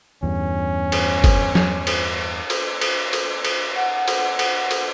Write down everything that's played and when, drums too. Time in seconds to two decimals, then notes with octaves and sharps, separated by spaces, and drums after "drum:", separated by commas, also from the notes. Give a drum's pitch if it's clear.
0.23 E2 G2 D3 C#4
0.92 drum: cymbal
1.24 drum: kick, cymbal
1.55 drum: snare
1.87 drum: cymbal
2.50 drum: cymbal
2.81 drum: cymbal
3.13 drum: cymbal
3.45 drum: cymbal
3.76 F#5
4.08 drum: cymbal
4.39 drum: cymbal
4.71 drum: cymbal